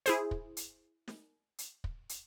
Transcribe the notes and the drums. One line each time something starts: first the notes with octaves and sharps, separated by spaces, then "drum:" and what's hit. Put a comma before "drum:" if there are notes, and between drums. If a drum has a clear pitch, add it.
E4 G#4 C5, drum: hi-hat
drum: kick
drum: hi-hat
drum: snare
drum: hi-hat
drum: kick
drum: hi-hat